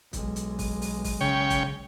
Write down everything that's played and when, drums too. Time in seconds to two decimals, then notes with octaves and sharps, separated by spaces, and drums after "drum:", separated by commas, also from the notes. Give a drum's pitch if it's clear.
0.13 B1 G#3, drum: kick, hi-hat
0.36 drum: hi-hat
0.59 drum: kick, open hi-hat
0.82 drum: open hi-hat
1.04 drum: kick, open hi-hat
1.21 C#3 C#5 G5
1.50 drum: kick, hi-hat